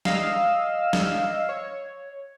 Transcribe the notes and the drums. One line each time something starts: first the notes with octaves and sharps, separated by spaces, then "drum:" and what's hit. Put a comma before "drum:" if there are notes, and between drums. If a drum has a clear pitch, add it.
D#5 F5 E6, drum: snare
drum: snare
C#5